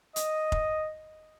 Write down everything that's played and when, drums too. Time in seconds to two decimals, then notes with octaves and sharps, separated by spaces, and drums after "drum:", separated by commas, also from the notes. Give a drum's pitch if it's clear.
0.16 D#5, drum: hi-hat
0.52 drum: kick F1